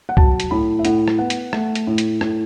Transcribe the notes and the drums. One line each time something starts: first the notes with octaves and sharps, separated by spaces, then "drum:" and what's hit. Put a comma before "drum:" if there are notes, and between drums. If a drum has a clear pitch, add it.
F#5
F#3 A5, drum: kick
drum: hi-hat
A2 B5
E5
A2 F#5, drum: hi-hat
drum: rim click
B3 F#5
drum: hi-hat
A3, drum: rim click
drum: hi-hat
A2
drum: hi-hat
A2, drum: rim click